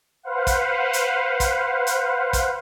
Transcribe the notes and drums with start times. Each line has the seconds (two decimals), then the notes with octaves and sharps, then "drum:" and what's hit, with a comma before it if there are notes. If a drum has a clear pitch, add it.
0.23 B4 C5 F5 F#5
0.47 drum: kick, hi-hat
0.93 drum: hi-hat
1.40 drum: kick, hi-hat
1.87 drum: hi-hat
2.33 drum: kick, hi-hat